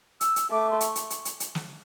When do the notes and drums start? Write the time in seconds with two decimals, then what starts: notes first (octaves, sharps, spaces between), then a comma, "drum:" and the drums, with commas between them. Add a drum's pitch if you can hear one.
0.21 E6, drum: hi-hat
0.36 drum: hi-hat
0.50 A3 D6
0.70 C6
0.80 C#6, drum: hi-hat
0.95 drum: hi-hat
1.10 drum: hi-hat
1.25 drum: hi-hat
1.40 drum: hi-hat
1.55 drum: snare